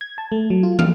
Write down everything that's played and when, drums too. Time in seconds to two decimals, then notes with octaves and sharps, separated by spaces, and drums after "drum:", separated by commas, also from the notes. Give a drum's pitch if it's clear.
0.01 G#6
0.18 A5
0.32 A3
0.50 F#3
0.63 F4
0.79 F6, drum: tom